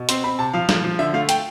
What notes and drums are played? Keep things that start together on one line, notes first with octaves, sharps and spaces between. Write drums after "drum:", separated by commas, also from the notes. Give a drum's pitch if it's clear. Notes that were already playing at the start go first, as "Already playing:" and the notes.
Already playing: B2
C4 C6, drum: hi-hat
C4 B5
C3 A5
F3 F5
F3, drum: snare
F3
D3 E5
A3 F5
G5, drum: hi-hat